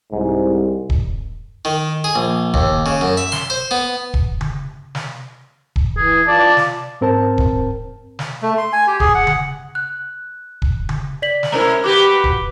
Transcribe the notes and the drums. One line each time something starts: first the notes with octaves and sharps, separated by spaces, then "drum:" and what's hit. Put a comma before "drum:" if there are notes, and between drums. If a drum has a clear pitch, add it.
C2 G#2
drum: kick
D#3
G#4
A#1
D#2, drum: kick
C#3
F#2
E5
C6, drum: snare
C5
B3
drum: kick
drum: tom C#3
drum: snare
drum: kick
E3 G#4
F4 D5 A5
D5
drum: snare
G#2 C4 A#4 C5 A5
drum: kick
drum: snare
A3
C6
G#5
G4
G#4, drum: kick
F#5
drum: tom C#3
F#6
drum: kick
drum: tom C#3
D5 B6 F#7
drum: snare
G#3 C#4 E4 A#4 C5 A#5
F#4 G4 B4 D6
drum: kick